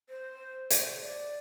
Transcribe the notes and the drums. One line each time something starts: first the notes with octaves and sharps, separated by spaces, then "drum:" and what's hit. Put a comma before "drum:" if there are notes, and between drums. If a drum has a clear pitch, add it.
C5
D5, drum: hi-hat
C5
D5